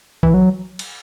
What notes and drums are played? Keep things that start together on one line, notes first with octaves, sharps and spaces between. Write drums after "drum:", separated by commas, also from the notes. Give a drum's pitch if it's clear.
E3, drum: kick A#1
F#3
drum: cymbal